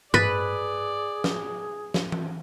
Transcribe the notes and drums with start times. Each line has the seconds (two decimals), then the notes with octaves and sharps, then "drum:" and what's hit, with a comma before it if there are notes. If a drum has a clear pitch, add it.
0.14 G#4 B4 D5 B5 A6, drum: tom G2
1.24 drum: snare
1.94 drum: snare
2.12 drum: tom E3